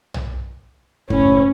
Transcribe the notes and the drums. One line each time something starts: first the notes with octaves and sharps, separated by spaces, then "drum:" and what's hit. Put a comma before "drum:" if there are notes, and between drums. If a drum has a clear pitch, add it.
drum: tom B1
F#1 D2 A2 C#4 E4 C#5, drum: kick